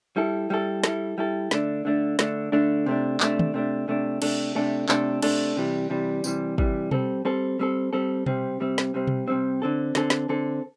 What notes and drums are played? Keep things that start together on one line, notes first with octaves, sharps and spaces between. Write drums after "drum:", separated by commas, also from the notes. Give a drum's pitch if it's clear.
G3 E4 A4
G3 E4 A4
G3 E4 A4, drum: snare
G3 E4 A4
D3 A3 D4, drum: snare
D3 A3 D4
D3 A3 D4, drum: snare
D3 A3 D4
C3 A3 D4
C3 A3 D4, drum: clap
drum: tom
C3 A3 D4
C3 A3 D4
C3 A3 D4 A4, drum: cymbal
C3 A3 D4 A4
C3 A3 D4 A4, drum: clap
C3 A3 D4 A4, drum: cymbal
C3 E3 G3
C3 E3 G3
C3 E3 G3, drum: tambourine
C3 E3 G3, drum: kick
G3 C4 A4, drum: tom B2
G3 C4 A4
G3 C4 A4
G3 C4 A4
C3 G3 C4, drum: tom B2
C3 G3 C4
drum: snare
C3 G3 C4
drum: tom B2
C3 G3 C4
D3 C4 A4
D3 C4 A4, drum: snare
drum: snare
D3 C4 A4